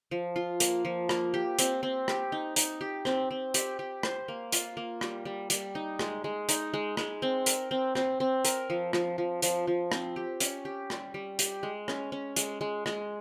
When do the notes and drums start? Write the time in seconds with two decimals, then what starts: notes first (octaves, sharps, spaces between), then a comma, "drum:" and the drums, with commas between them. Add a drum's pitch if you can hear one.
0.11 F3
0.36 F4
0.60 A#3, drum: hi-hat
0.85 F3
1.09 A#3, drum: rim click
1.34 G4
1.59 C4, drum: hi-hat
1.83 C4
2.08 G4, drum: rim click
2.32 D#4
2.56 D#4, drum: hi-hat
2.81 G4
3.05 C4, drum: rim click
3.31 C4
3.54 G4, drum: hi-hat
3.79 G4
4.03 C5, drum: rim click
4.28 A#3
4.52 F4, drum: hi-hat
4.77 A#3
5.01 G3, drum: rim click
5.25 G3
5.50 G3, drum: hi-hat
5.75 D#4
5.99 G#3, drum: rim click
6.24 G#3
6.49 D#4, drum: hi-hat
6.74 G#3
6.97 G#3, drum: rim click
7.22 C4
7.46 A#4, drum: hi-hat
7.71 C4
7.95 C4, drum: rim click
8.20 C4
8.45 A#4, drum: hi-hat
8.70 F3
8.93 F3, drum: rim click
9.18 F3
9.42 F3, drum: hi-hat
9.67 F3
9.92 C4, drum: rim click
10.16 G4
10.40 C#4, drum: hi-hat
10.65 G4
10.90 G3, drum: rim click
11.14 G3
11.39 G4, drum: hi-hat
11.63 G#3
11.88 C#4, drum: rim click
12.12 C#4
12.36 G#3, drum: hi-hat
12.61 G#3
12.86 G#3, drum: rim click